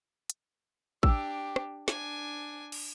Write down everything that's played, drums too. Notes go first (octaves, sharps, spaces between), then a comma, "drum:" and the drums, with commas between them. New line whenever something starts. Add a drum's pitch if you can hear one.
drum: hi-hat
D4 G4 E6, drum: kick
drum: rim click
D4 G#5, drum: snare
drum: cymbal